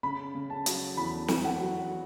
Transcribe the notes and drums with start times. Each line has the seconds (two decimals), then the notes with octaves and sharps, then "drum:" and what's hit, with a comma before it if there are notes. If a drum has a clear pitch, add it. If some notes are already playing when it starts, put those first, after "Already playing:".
0.03 C#3 B5
0.35 C#3
0.50 A5
0.66 F#3, drum: hi-hat
0.97 E2 B5
1.28 E2, drum: snare
1.44 F#5
1.60 F#3